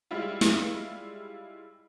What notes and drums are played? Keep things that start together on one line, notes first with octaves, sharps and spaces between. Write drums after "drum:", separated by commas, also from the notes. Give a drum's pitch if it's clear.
G3 G#3 E4 F4
drum: snare